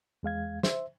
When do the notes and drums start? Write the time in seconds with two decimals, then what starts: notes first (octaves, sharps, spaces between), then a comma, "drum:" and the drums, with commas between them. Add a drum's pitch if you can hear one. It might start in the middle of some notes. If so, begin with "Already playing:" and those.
0.23 E2 G#3 F5 G#6
0.63 C5 E5, drum: snare